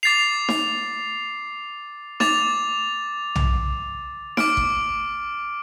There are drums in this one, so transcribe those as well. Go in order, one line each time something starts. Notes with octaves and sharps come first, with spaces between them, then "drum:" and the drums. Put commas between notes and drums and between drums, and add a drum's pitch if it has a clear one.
D6 A6 C7 F7
drum: snare D#4
D6 A6 F7, drum: snare D#4
drum: tom B1
D6 F6 D7, drum: snare D#4
drum: kick